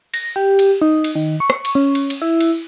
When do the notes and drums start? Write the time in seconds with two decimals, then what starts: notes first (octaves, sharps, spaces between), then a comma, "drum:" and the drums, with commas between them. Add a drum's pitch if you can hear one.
0.14 A#6, drum: cymbal
0.36 G4
0.59 drum: cymbal
0.82 D#4
1.04 drum: cymbal
1.15 D#3
1.40 C#6
1.50 drum: rim click
1.65 drum: cymbal
1.75 C#4
1.95 drum: cymbal
2.10 drum: cymbal
2.22 E4
2.40 drum: cymbal